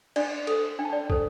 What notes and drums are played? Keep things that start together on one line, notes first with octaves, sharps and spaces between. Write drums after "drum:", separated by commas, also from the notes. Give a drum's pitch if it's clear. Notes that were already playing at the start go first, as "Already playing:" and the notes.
D4 D5, drum: cymbal
A4 C5, drum: cymbal
D4 G5
A5
D5 G5
A4 C5, drum: kick